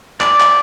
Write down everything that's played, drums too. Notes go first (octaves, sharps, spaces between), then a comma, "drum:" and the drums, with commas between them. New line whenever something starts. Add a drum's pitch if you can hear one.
D5, drum: clap
drum: clap